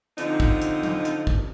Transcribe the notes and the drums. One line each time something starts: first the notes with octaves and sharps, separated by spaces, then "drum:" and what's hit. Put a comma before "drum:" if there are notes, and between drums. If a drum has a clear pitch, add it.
D3 F3 C4 D#4, drum: hi-hat
drum: kick
drum: hi-hat
drum: tom F#3
drum: hi-hat
drum: kick